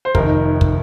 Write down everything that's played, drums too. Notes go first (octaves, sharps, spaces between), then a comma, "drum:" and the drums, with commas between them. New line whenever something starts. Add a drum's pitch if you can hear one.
C5
F1 F2 D#3 A#4, drum: kick
drum: kick